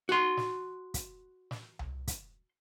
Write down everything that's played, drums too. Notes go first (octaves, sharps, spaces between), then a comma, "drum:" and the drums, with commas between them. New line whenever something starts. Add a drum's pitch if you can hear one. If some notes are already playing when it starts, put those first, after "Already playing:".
F#4 C6
drum: snare
drum: kick, hi-hat
drum: snare
drum: tom C2
drum: kick, hi-hat